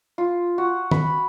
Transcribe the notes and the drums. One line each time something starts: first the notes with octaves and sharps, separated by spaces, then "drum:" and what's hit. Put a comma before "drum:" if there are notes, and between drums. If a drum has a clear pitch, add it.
F4
F#4
B5, drum: tom